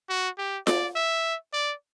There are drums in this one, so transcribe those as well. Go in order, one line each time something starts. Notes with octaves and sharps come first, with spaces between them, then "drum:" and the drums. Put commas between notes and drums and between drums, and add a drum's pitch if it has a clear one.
F#4
G4
D5, drum: snare F4
E5
D5